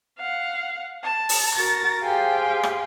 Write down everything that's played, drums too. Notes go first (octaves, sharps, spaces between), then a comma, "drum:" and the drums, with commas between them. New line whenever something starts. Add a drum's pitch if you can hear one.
F5 F#5
A5
drum: open hi-hat
F#4 A#4 A6 A#6
G4 G#4 C5 F5 G5 G#5
drum: rim click